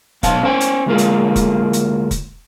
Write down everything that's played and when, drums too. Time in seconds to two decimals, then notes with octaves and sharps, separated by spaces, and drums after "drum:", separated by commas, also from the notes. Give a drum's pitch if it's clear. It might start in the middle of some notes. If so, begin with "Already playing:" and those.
0.23 B1 B2 F5 A5, drum: kick, hi-hat
0.43 C#4 C5 G5 G#5
0.60 drum: hi-hat
0.86 D2 G#3 A#3 F4
0.98 drum: hi-hat
1.36 drum: kick, hi-hat
1.73 drum: hi-hat
2.11 drum: kick, hi-hat